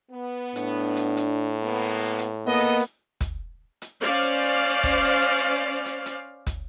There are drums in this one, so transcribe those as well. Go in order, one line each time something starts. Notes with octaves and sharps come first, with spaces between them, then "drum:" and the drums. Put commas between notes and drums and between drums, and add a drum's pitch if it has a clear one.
B3
A2 D4, drum: hi-hat
drum: hi-hat
drum: hi-hat
A#3 B3
drum: hi-hat
A#3 B3 A4 A#4 D#5
drum: hi-hat
drum: hi-hat
drum: kick, hi-hat
drum: hi-hat
C#4 C5 D5 F5
drum: hi-hat
drum: hi-hat
drum: kick, hi-hat
drum: hi-hat
drum: hi-hat
drum: kick, hi-hat